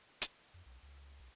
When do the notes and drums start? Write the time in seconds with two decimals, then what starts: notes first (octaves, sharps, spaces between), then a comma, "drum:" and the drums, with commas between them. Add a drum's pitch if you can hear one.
0.22 drum: hi-hat
0.54 F2
0.66 B1
0.83 C#2
1.20 B1